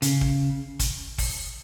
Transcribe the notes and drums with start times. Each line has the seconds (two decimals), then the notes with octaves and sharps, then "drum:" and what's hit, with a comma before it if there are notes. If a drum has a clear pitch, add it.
0.02 C#3, drum: hi-hat
0.21 drum: kick
0.79 drum: kick, hi-hat
1.18 drum: kick, open hi-hat